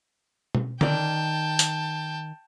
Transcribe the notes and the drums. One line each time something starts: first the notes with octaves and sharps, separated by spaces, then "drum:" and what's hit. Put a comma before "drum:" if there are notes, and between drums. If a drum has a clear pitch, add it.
drum: tom B2
D#3 D5 G5 A5, drum: tom D3
drum: hi-hat